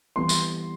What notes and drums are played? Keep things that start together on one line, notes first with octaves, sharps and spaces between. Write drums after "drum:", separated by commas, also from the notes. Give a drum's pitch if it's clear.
E3 G3 B3 C6
drum: tambourine